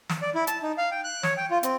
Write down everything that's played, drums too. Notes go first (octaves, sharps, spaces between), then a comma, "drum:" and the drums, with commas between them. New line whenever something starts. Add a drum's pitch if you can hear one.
drum: snare
D5
E4
A5, drum: hi-hat
D#4
F5
G5
F#6
C#5, drum: snare
G5
F4
C4, drum: hi-hat